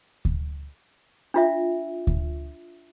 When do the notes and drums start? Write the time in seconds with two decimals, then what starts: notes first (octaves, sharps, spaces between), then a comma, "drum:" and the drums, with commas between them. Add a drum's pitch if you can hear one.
0.25 drum: kick D2
1.34 D4 F4 E5
2.07 drum: kick D2